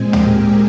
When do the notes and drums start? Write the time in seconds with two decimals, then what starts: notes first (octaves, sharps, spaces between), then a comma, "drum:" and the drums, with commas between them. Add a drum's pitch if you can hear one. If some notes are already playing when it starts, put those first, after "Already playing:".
Already playing: A#2 G#3 C4 G#4
0.13 G4 A#4, drum: tom